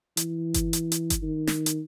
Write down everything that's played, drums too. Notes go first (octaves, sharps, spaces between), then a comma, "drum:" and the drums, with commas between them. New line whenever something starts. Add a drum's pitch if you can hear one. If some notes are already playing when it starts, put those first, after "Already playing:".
E3, drum: hi-hat
drum: kick G1, hi-hat
drum: hi-hat
drum: hi-hat
drum: kick G1, hi-hat
D#3
drum: snare
drum: hi-hat